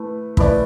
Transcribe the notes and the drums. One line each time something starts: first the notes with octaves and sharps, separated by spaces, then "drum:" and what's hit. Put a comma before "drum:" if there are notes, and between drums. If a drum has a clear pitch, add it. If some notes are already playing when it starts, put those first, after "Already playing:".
Already playing: A3 E4 B4
A3 E4 B4 D5, drum: kick